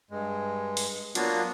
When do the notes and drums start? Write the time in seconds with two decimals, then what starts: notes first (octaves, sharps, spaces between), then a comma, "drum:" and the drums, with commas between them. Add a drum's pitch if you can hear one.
0.11 G2 G#3
0.77 drum: open hi-hat
1.15 F#3 A#3 B3 D4 F4 F#4, drum: hi-hat